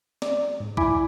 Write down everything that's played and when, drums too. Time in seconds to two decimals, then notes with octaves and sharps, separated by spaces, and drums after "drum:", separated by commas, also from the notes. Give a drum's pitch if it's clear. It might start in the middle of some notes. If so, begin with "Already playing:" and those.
0.22 D5, drum: snare
0.60 G#2
0.77 E4 G#5 B5 D6, drum: kick